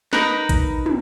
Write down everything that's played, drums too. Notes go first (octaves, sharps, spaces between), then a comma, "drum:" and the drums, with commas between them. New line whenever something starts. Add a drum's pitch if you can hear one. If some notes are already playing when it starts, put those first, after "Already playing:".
D#4 A#4 B4, drum: snare
drum: kick A1, hi-hat
drum: tom